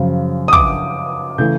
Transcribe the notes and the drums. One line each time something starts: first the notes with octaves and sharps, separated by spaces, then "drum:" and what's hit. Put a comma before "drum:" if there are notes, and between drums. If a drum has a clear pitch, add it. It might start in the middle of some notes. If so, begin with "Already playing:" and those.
Already playing: F#2 C#3 F3
D#6
D6, drum: kick
C#3 E3 A3 G6